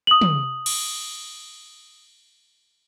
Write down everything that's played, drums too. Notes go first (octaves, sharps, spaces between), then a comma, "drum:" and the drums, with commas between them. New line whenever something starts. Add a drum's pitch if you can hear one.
D#6 F#7
drum: tom
drum: cymbal